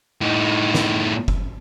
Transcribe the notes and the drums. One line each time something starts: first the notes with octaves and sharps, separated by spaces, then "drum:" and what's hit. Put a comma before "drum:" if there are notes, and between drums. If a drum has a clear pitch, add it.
A2 D#4
drum: snare
drum: kick F#1